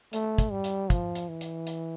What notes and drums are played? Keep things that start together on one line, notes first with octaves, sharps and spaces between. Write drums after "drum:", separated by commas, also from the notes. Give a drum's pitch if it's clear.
A3, drum: hi-hat
drum: kick, hi-hat
G3
drum: hi-hat
F3, drum: kick, hi-hat
drum: hi-hat
E3
drum: hi-hat
drum: hi-hat